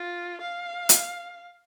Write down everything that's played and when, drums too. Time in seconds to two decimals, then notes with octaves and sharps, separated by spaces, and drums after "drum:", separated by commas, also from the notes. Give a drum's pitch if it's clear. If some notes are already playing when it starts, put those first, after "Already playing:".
Already playing: F4
0.41 F5
0.89 drum: hi-hat